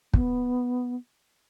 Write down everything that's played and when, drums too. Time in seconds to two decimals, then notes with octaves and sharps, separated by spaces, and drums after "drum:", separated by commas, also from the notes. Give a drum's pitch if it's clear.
0.14 B3, drum: kick